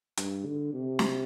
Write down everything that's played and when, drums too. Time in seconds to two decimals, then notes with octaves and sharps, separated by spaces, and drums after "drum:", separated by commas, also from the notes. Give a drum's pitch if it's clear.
0.17 G2, drum: hi-hat
0.46 D3
0.74 C3
0.99 drum: snare